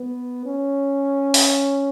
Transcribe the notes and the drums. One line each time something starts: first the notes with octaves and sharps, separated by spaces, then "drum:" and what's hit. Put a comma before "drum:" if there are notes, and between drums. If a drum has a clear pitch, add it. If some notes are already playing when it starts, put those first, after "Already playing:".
Already playing: B3
C#4
drum: open hi-hat